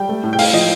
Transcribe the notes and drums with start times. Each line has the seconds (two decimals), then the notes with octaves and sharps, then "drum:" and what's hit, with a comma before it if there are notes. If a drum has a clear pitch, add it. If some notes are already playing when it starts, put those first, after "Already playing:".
Already playing: G3 G5
0.09 A3
0.24 A2
0.33 G5
0.39 A2 F5, drum: open hi-hat
0.53 F3 D#5